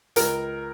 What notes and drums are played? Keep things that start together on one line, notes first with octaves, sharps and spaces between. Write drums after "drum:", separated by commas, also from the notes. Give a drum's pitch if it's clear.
C#2 A#4, drum: hi-hat